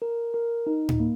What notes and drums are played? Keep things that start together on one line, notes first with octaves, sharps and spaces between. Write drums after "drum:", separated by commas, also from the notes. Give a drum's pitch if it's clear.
A#4
A#4
D#4
drum: tom A2
A#3